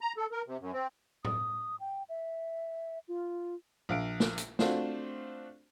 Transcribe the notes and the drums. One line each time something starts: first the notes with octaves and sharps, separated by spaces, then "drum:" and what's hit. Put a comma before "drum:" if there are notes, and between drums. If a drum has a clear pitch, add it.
A#5
A4
A#4
C3
F#2
C4
D#6, drum: tom A2
G5
E5
F4
A#1 F5 D7
drum: snare
drum: hi-hat
A3 C4 D4 F4 F#4 C5, drum: snare